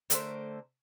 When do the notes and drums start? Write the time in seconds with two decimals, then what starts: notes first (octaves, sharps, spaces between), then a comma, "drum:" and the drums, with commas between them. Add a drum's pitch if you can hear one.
0.10 D3 A3 A#4 C5, drum: hi-hat